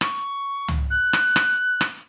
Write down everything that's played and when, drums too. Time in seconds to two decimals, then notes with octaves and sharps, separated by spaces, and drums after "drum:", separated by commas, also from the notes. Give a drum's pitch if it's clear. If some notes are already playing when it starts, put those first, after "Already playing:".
0.01 C#6, drum: rim click
0.68 drum: tom
0.90 F#6
1.13 drum: rim click
1.36 drum: rim click
1.81 drum: rim click